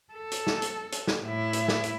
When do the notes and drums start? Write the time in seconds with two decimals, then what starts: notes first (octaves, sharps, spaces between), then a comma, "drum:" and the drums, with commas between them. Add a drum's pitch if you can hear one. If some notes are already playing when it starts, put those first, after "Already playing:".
0.13 A4
0.31 drum: hi-hat
0.47 drum: snare
0.62 drum: hi-hat
0.92 drum: hi-hat
1.07 drum: snare
1.23 A2 E4
1.53 drum: hi-hat
1.68 drum: snare
1.83 drum: hi-hat